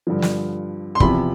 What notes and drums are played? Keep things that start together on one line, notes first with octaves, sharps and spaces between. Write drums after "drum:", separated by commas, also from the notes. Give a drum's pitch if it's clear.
G2 D3 F3
drum: snare
C6
E2 C3 F3 B5, drum: kick